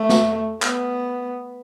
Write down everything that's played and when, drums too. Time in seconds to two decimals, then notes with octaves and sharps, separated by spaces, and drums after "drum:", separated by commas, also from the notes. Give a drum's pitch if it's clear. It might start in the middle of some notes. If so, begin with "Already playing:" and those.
Already playing: A3
0.09 drum: snare
0.62 B3, drum: clap